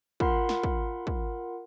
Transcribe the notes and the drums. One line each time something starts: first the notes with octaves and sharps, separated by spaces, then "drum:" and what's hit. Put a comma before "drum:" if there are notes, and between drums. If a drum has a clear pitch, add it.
F4 A#4 F#5 B5 C6, drum: kick
drum: snare
drum: kick
drum: kick